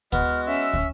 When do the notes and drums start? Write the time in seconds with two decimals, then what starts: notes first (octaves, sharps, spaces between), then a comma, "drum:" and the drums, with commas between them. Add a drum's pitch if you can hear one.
0.12 G#3 B3 F#4 F6, drum: kick
0.47 C#4 E5 E6
0.73 drum: kick